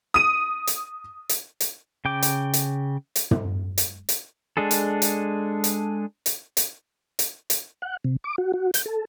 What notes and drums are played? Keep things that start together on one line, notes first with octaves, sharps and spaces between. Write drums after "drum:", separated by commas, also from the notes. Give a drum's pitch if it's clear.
D#6 D#7
drum: hi-hat
drum: hi-hat
drum: hi-hat
C#3 G5 D6
drum: hi-hat
drum: hi-hat
drum: hi-hat
drum: tom
drum: hi-hat
drum: hi-hat
G#3 D4 G#4 A4
drum: hi-hat
drum: hi-hat
drum: hi-hat
drum: hi-hat
drum: hi-hat
drum: hi-hat
drum: hi-hat
F#5
C3
D6
F#4
F#4
G6, drum: hi-hat
A4